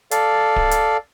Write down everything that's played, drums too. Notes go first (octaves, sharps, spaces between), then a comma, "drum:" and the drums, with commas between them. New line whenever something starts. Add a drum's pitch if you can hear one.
A4 D5 F5, drum: hi-hat
drum: kick D1
drum: hi-hat